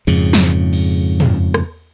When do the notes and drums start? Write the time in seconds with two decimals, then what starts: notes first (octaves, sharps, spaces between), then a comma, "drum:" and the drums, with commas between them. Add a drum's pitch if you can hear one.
0.07 F2 G#2 C#3, drum: cymbal
0.33 drum: snare
0.73 drum: cymbal
1.20 drum: tom
1.54 drum: rim click